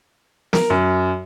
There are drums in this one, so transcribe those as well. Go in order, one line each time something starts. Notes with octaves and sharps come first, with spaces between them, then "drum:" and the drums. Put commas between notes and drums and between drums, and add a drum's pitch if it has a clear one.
A#4, drum: snare
F#2